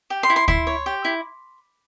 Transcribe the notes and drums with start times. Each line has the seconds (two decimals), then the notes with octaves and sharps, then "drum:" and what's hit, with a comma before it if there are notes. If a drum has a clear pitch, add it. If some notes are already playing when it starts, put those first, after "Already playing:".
0.10 G4
0.23 C6
0.30 E4
0.36 C6
0.48 E4 C6, drum: kick D2
0.67 C#5
0.86 G4
1.05 E4